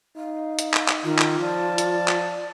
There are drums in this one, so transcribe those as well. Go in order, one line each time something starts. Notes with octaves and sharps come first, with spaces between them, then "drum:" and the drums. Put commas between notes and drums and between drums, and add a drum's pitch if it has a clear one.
D#4 F5
drum: hi-hat
drum: clap
drum: clap
D#3 F4
drum: clap
F3 D5 A5
drum: hi-hat
drum: clap